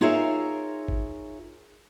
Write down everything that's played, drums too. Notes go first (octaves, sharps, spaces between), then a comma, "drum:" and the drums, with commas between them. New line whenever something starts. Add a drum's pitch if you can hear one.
D#4 F4 G#4 A#4 C#5 E5
drum: kick G#1